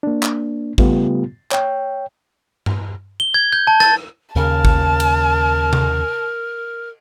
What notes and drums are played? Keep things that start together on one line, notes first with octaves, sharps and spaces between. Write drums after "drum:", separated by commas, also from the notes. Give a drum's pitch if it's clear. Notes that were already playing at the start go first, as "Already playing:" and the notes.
A#3 D4
drum: clap
C#3 G3 A3 B3 F4 G4, drum: kick A1
C#5 G5, drum: clap
drum: tom G2
G7
G#6
G6
A5
A6, drum: rim click
D#2 C#3 A#4 A5
drum: kick A1
drum: cymbal
drum: tom C3